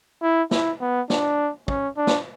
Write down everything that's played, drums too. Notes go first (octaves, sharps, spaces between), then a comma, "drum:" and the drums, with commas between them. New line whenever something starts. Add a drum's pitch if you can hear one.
E4
E4, drum: snare
B3
D4, drum: snare
C#4, drum: kick
D4
drum: snare